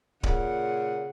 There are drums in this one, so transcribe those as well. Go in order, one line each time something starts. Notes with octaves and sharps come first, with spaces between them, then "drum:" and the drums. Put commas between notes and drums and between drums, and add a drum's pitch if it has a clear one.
A#2 C#3 F#5, drum: kick D1